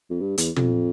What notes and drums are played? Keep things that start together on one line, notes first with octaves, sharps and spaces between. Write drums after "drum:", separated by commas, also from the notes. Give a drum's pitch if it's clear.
F2
G2
E2, drum: hi-hat
F2, drum: tom